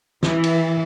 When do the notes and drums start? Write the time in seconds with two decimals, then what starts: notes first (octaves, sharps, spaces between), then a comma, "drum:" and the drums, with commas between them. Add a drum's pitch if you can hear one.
0.23 E3, drum: snare
0.44 drum: cymbal